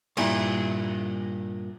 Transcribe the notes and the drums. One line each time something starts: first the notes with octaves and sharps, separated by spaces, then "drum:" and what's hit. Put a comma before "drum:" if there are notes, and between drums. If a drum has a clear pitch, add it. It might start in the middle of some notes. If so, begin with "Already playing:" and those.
G2 A#2 E4, drum: cymbal